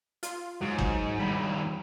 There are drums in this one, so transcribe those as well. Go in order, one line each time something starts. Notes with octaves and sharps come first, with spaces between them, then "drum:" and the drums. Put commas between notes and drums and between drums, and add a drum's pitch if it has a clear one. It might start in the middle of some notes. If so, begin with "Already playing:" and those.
F4, drum: hi-hat
G#2 F#3
drum: kick
G2 D#3 B5